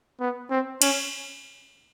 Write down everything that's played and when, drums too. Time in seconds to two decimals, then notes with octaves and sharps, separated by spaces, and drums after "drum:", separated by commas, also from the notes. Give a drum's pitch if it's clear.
0.20 B3
0.51 C4
0.82 C#4, drum: cymbal